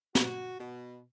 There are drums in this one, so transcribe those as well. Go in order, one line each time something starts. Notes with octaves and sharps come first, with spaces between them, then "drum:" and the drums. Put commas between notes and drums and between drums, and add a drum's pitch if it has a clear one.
F#4, drum: snare
B2